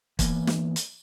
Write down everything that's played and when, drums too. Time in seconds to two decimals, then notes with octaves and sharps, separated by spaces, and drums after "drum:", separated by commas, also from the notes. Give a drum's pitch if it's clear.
0.19 E3 A#3 B3, drum: kick, hi-hat
0.47 drum: snare
0.76 drum: hi-hat